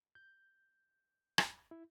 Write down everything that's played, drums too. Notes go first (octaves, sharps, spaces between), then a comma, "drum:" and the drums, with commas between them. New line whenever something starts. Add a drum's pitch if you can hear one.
G6
drum: rim click
E4